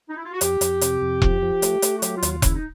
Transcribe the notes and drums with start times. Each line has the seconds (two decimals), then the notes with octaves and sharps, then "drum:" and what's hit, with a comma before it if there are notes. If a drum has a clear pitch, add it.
0.09 D#4
0.16 E4
0.24 F4
0.33 F#4
0.41 F2 G4, drum: hi-hat
0.61 F2, drum: hi-hat
0.81 C3, drum: hi-hat
1.01 F2
1.22 F3, drum: kick E1
1.42 F3
1.62 A3, drum: hi-hat
1.82 A3, drum: hi-hat
1.97 F#4
2.02 F#3 G4, drum: hi-hat
2.16 F4
2.23 D#2, drum: hi-hat
2.30 F4
2.42 C#3 E4, drum: kick E1, hi-hat
2.54 D#4